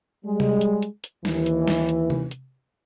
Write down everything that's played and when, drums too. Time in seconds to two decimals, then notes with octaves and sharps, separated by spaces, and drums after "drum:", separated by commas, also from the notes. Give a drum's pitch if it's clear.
0.25 G3 G#3
0.40 drum: tom C3
0.61 drum: hi-hat
0.82 drum: hi-hat
1.04 drum: hi-hat
1.25 D#2 E3, drum: snare
1.46 drum: hi-hat
1.68 drum: snare
1.89 drum: hi-hat
2.10 drum: tom C3
2.31 drum: hi-hat